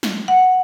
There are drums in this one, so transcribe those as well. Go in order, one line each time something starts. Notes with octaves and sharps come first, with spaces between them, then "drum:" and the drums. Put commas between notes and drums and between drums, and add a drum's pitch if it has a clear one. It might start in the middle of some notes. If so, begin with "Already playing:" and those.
drum: snare
F#5